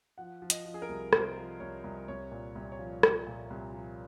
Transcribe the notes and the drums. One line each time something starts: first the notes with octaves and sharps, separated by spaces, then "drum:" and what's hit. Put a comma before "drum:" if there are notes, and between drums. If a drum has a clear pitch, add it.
F3 F#5
F3
D#5, drum: hi-hat
F3
G#4
A#4
C2
C2 C5, drum: rim click
F3
C2 C#5
C2
C2 C#5
A#2
C2
C#5
F3
F3, drum: rim click
A#2
C2
F3